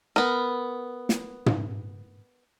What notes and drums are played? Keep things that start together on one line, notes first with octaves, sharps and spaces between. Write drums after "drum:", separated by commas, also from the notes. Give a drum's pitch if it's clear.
B3 A#4
drum: snare
drum: tom